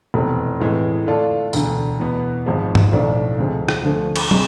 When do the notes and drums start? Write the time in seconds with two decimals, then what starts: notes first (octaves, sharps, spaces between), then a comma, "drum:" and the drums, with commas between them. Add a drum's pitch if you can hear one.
0.14 F1 E2 B2 A3 C4
0.60 A2 E3 G#3 C4 G#4
1.07 D3 A3 D4 F4 A4
1.53 E1 D2 D3, drum: tambourine
1.99 E2 B2 B3
2.46 G#1 G#2 F3 G#3
2.75 drum: tom G2
2.92 B1 A2 F3 A3 D4
3.38 D2 C3 F3 G#3
3.68 drum: rim click
3.84 D2 D3 F3 A3
4.16 drum: cymbal
4.31 C3 G#3, drum: tom